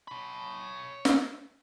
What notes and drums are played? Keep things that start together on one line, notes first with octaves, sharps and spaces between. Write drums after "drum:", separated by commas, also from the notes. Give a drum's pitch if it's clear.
C#5 B5
drum: snare